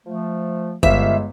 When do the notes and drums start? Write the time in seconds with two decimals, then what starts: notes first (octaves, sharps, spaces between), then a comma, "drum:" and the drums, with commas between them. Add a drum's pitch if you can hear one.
0.07 F3 A3
0.83 G1 G#3 E5 F5, drum: kick F#1